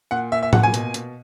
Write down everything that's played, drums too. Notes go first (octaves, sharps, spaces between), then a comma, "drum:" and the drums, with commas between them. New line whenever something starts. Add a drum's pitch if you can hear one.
A#2 F#5
A#2 E5
E5
A#2 F#5, drum: tom A2
G#5
B2, drum: hi-hat
B2, drum: hi-hat